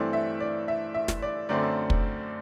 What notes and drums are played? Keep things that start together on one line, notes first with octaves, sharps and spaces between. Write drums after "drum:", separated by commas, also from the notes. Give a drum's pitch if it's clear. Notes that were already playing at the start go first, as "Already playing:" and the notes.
Already playing: G2 E3 A3 C4 D5
E5
D5
E5
E5
drum: snare
D5
F#2 D3 A3 C4 D5
drum: kick